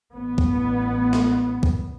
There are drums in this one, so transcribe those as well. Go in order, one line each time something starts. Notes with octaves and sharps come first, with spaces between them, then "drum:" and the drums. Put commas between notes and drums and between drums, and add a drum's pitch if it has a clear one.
A1 B3
drum: kick C2
drum: snare
drum: kick C2